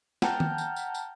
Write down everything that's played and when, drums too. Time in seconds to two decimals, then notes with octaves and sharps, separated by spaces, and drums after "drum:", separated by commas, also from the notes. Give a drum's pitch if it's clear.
0.22 F#5 G5 A5 A#5 F6 G6, drum: snare
0.40 drum: tom D#3
0.58 drum: tambourine
0.76 drum: tambourine
0.95 drum: tambourine